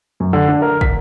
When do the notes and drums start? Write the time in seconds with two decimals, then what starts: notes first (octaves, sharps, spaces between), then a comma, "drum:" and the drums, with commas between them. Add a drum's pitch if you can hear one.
0.20 F#2
0.33 D3
0.49 D4
0.62 A#4
0.81 B6, drum: kick